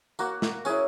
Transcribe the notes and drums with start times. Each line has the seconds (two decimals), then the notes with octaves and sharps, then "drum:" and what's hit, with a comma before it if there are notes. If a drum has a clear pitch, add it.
0.19 A#3 F#4, drum: tambourine
0.42 drum: snare
0.65 C#4 E4 G#4, drum: tambourine